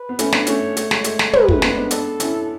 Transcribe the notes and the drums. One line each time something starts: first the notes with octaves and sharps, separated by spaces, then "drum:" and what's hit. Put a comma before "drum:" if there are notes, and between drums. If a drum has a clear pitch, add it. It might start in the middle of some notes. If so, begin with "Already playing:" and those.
Already playing: B4
B3
A3 C#4, drum: hi-hat
B3 D4, drum: snare
A3 C#4 C#5, drum: hi-hat
A3, drum: hi-hat
G#3, drum: snare
A3 C#5, drum: hi-hat
drum: snare
G#3 B4, drum: tom
A3, drum: kick
C#4
G#3 B3, drum: snare
B3 D4
B3 D4 A4, drum: hi-hat
C#4 E4, drum: hi-hat